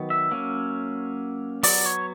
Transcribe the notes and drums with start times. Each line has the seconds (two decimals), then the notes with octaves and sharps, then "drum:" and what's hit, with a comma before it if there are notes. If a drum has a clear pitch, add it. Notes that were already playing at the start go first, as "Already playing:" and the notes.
Already playing: D#3 F#3 B3
0.10 E5
0.31 F#3 A#3 C#4
1.63 F#3 B3 D5, drum: open hi-hat
1.86 C#5